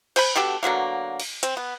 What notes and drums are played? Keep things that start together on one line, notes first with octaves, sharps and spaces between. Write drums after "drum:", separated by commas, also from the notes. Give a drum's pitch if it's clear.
C5 G#5 B5, drum: cymbal
B2 D3 G4 A4
B2 D3 F#3 A#3
drum: cymbal
C4, drum: hi-hat
B3